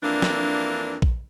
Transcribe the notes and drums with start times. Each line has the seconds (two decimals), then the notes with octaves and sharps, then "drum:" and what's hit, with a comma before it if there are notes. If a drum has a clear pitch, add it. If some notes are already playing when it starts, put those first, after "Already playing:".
0.02 F2 E3 A#3 D4
0.22 drum: snare
1.02 drum: kick A#1